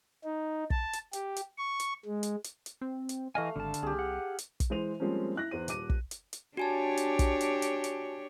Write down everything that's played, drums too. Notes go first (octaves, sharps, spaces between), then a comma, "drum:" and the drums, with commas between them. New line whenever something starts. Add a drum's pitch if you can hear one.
D#4
A5, drum: kick
drum: hi-hat
G4, drum: hi-hat
drum: hi-hat
C#6
drum: hi-hat
G#3
drum: hi-hat
drum: hi-hat
drum: hi-hat
C4
drum: hi-hat
E3 A3 D#5 F5 G#5
G#1 D3 A5
drum: hi-hat
C2 G4 G#4
F#5
drum: hi-hat
drum: kick, hi-hat
E3 G#3 C5 D#7 F7
F3 G3 G#3 A#3 C4 C#4
E4 F#6 A#6
E2 C5 D#7
D#1 D6 D#7, drum: hi-hat
drum: kick
drum: hi-hat
drum: hi-hat
D4 F#4 G4 C#5 G#5 A5
drum: hi-hat
drum: kick, hi-hat
drum: hi-hat
drum: hi-hat
drum: hi-hat